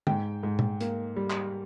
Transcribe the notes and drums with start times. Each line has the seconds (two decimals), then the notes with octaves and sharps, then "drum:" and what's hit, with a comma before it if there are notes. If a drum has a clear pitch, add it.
0.07 G#2 G5, drum: tom
0.43 G#2
0.59 drum: tom
0.81 A#3, drum: hi-hat
1.16 G3
1.30 drum: clap